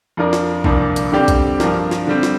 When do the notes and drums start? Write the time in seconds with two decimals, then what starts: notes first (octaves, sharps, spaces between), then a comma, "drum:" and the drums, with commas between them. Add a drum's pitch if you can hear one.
0.17 F2 F3 D4 A#4 D5
0.33 drum: snare
0.64 C2 A#2 F3 D4 A#4, drum: kick B1
0.96 drum: hi-hat
1.12 D3 G3 C4 G4 D5
1.28 drum: kick B1, hi-hat
1.60 G2 F3 D4 A#4, drum: snare
1.91 drum: snare
2.07 D3 G3 C4
2.23 drum: snare